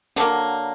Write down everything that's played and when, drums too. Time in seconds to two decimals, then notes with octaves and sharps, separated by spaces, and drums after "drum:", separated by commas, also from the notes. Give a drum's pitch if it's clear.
0.16 D3 F#3 A#3, drum: hi-hat